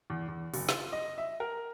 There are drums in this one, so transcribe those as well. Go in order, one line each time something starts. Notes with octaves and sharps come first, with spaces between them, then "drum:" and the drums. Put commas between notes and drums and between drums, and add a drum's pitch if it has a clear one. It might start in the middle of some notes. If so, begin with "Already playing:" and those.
E2
E2
F#1, drum: open hi-hat
F4, drum: snare
D#5
E5
A#4